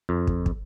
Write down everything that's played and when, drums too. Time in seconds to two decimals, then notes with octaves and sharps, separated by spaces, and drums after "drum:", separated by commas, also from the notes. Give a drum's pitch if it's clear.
0.09 F2
0.27 drum: kick
0.46 drum: kick